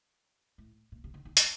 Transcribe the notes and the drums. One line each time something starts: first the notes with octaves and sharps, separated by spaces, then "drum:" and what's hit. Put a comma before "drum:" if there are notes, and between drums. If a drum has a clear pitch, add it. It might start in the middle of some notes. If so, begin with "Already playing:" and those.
A2
A#2
C3
D3
D#3
F3, drum: hi-hat